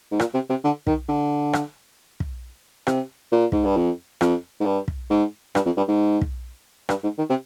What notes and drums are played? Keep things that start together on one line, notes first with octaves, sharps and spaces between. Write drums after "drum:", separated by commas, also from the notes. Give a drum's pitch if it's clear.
G#2
A#2, drum: rim click
C3
C3
D3
D#3, drum: kick
D3
drum: rim click
drum: kick
C3, drum: rim click
A#2
G#2, drum: kick
G2
F2
F2, drum: rim click
G#2
G2
drum: kick
G#2
G2, drum: rim click
F2
G2
G#2
drum: kick
G2, drum: rim click
G#2
D#3
C3